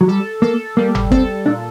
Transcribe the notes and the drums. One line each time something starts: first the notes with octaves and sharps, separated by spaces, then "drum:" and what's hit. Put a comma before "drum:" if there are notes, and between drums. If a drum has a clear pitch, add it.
F#3
G3 A4
A#3 A4
G3 A#3
drum: tom G1
C4 A4, drum: kick
A#2 D4